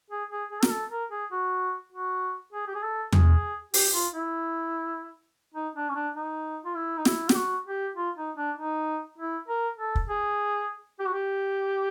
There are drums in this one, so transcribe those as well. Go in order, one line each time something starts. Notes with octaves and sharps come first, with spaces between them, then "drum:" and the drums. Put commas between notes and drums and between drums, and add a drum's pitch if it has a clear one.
G#4
G#4
G#4
A#4, drum: snare
A4
A#4
G#4
F#4
F#4
G#4
G4
G#4
A4
G#4, drum: tom E2
G4, drum: open hi-hat
F4
E4
D#4
D4
C#4
D4
D#4
F4
E4
D#4
E4, drum: snare
G4, drum: snare
F#4
G4
F4
D#4
D4
D#4
E4
A#4
A4
drum: kick
G#4
G4
F#4
G4